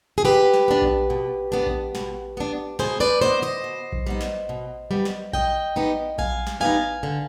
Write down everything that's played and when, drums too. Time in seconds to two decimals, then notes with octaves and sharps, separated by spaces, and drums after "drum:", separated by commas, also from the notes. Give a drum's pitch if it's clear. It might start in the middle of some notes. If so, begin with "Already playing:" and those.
0.18 G#4
0.25 B2 G4 B4
0.54 drum: snare
0.68 B3 D4
0.82 drum: kick A#1
1.10 B2
1.52 B3 D4
1.66 drum: kick A#1
1.95 B2, drum: snare
2.37 B3 D4
2.79 B2 G#4 C5, drum: snare
3.00 B4 D5
3.21 B3 D4 C5 D#5
3.42 C5 D#5
3.64 B2
3.92 drum: kick A#1
4.07 G3 B3 D#4
4.21 drum: snare
4.49 B2
4.91 G3 B3 D#4
5.05 drum: snare
5.34 B2 D#5 G5, drum: kick A#1
5.76 G3 B3 D#4
6.18 B2 F5 G#5, drum: kick A#1
6.47 drum: snare
6.60 G3 B3 D#4 F5 G#5
7.03 D3